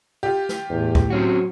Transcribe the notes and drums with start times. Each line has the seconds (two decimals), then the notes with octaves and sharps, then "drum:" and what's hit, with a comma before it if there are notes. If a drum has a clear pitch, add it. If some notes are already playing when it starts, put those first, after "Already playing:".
0.23 F4 G4
0.49 drum: snare
0.69 E2 A2
0.95 drum: kick
1.10 F#3 C4 C#4 F#4